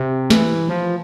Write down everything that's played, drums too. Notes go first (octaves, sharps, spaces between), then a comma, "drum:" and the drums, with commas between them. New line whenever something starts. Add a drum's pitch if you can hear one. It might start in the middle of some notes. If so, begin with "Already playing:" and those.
Already playing: C3
E3, drum: snare
F3